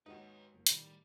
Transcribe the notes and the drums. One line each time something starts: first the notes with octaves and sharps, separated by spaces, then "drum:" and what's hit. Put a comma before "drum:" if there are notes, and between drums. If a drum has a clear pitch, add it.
D#2 G#2 G#3 D#4 F#4 B4 C#5
F#1
A2 D#3 G3, drum: hi-hat